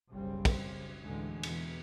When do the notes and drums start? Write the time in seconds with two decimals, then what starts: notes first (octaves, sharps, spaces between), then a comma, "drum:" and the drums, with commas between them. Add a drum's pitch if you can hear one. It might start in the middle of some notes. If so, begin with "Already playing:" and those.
0.11 F#1 B1 C#3 G3 C4
0.45 drum: kick, cymbal
1.03 D2 A2 D3 E3 G#3
1.43 E2 B2 E3, drum: cymbal